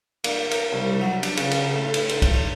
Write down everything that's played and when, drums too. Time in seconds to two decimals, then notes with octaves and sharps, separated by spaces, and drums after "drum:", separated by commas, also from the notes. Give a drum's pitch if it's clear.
0.24 A#3, drum: cymbal
0.51 A#4, drum: cymbal
0.73 C2
1.01 F#3
1.23 D4, drum: cymbal
1.37 C#3, drum: cymbal
1.51 drum: cymbal
1.74 A2
1.94 drum: cymbal
2.09 C5, drum: cymbal
2.22 drum: kick, cymbal
2.33 C#5